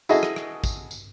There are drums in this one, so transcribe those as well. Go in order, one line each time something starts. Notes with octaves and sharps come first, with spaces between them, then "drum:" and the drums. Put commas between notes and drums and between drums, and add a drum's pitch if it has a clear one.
E4 F#4 G#4 A4 D#5, drum: tambourine
drum: rim click
drum: rim click
drum: kick, tambourine
drum: tambourine